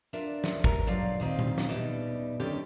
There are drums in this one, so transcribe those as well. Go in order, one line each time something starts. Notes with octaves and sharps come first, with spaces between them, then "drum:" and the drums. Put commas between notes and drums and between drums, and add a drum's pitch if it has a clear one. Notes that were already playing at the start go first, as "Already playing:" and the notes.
D4 F4 A#4 D5 E5
drum: snare
A#4, drum: kick G#1
G2 F#3 F4 D5 F5
A#2 D#3 C4 F4
drum: tom A#2
drum: snare
B2 G3 D#4 D5 E5
F#2 D3 D#3 C#4 G4 D5